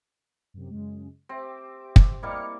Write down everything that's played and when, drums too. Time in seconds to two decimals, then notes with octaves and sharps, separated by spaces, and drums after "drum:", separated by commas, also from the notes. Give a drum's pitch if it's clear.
0.54 F#2 C3
0.70 F#2 C#3 G#3
1.29 C4 G4 E5 D6
1.96 drum: kick
2.23 G3 A#3 E4 D#5 F6 C#7